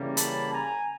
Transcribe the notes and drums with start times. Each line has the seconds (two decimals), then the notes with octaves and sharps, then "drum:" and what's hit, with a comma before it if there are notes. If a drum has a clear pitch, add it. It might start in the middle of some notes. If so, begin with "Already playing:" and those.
Already playing: C#3 E3 G3 A#3 C#4
0.17 A5 B5, drum: hi-hat
0.53 G#5 A#5